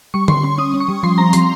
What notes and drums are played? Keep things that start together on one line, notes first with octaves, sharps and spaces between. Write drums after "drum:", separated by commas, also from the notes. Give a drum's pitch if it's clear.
G3 C#6
G3 C6, drum: tom D3
C#4 C6
C#4 D#6
C#4
C#6
G3
F3 C6
C4 A#5
F3 C6, drum: hi-hat